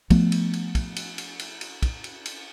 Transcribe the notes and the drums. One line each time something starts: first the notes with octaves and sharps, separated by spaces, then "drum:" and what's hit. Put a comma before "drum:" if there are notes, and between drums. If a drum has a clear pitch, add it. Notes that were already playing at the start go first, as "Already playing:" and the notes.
F3 A3 B3, drum: kick, cymbal
drum: cymbal
drum: cymbal
drum: kick, cymbal
drum: cymbal
drum: cymbal
drum: cymbal
drum: cymbal
drum: kick, cymbal
drum: cymbal
drum: cymbal